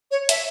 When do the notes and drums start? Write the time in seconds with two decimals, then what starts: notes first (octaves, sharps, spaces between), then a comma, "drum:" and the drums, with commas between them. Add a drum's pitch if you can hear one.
0.11 C#5
0.29 E5, drum: hi-hat